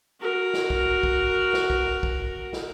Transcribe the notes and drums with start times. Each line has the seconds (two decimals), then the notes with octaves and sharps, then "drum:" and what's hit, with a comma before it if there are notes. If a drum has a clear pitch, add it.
0.20 F#4 A#4
0.54 drum: snare
0.70 drum: kick
1.03 drum: kick
1.53 drum: snare
1.70 drum: kick
2.03 drum: kick
2.53 drum: snare